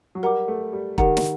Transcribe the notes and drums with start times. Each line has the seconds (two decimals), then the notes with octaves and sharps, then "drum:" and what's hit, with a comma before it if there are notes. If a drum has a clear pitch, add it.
0.15 F#3
0.23 G3 A#4 F#5 A#5 D6
0.48 A3
0.73 G3
0.98 D#3 G4 A#4 F#5 A#5, drum: kick
1.17 drum: snare